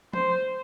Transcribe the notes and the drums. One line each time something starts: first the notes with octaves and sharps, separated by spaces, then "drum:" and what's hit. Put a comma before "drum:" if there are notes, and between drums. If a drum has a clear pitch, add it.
C5, drum: tom